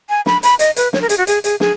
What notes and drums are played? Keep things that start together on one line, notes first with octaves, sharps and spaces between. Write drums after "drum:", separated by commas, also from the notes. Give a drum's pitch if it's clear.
G#5
B5, drum: snare
B5, drum: hi-hat
D#5, drum: hi-hat
B4, drum: hi-hat
C#5, drum: snare
A#4
G#4, drum: hi-hat
F#4
G#4, drum: hi-hat
G#4, drum: hi-hat
G#4, drum: snare